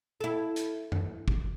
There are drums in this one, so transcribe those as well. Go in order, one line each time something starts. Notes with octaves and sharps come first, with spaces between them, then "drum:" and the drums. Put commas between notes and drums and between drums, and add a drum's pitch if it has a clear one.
E4 A4
drum: hi-hat
drum: tom F#2
drum: kick